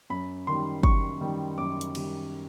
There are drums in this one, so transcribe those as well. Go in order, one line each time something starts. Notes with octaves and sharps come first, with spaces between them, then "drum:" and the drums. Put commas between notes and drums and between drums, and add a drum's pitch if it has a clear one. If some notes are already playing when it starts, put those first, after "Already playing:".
F#2 B5
D#3 G3 C6
F#2 C#6, drum: kick
D#3 G3
F#2 D6
drum: hi-hat
D#3 G3, drum: cymbal